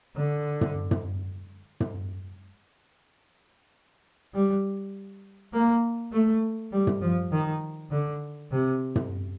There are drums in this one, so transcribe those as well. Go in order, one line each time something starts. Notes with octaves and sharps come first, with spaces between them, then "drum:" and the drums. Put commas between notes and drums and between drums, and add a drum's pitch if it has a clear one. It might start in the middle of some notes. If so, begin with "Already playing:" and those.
D3
drum: tom
drum: tom
drum: tom
G3
A#3
A3
G3
drum: tom
F3
D#3
D3
C3
drum: tom